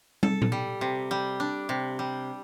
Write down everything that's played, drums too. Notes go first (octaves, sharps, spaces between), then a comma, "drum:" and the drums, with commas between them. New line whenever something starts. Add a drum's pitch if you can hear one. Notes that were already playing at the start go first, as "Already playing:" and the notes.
A4, drum: tom
drum: tom A#2
G3
C3
G3
D4
C3
G3